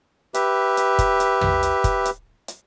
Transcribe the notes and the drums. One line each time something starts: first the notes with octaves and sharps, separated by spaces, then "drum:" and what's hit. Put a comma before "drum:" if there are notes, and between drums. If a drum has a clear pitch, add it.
G4 B4 E5, drum: hi-hat
drum: hi-hat
drum: kick, hi-hat
drum: hi-hat
drum: tom
drum: hi-hat
drum: kick, hi-hat
drum: hi-hat
drum: hi-hat